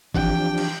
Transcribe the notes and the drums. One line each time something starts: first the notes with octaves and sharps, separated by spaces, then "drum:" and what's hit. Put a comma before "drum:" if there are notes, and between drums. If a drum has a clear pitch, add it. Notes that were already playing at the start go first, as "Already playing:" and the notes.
E3 F3 C4 D4 G4 G5, drum: kick G1
drum: cymbal